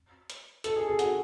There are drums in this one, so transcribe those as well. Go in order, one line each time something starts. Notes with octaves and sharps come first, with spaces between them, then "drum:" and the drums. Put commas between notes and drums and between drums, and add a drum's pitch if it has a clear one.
drum: hi-hat
A4, drum: hi-hat
G#4
G#4
F#4, drum: hi-hat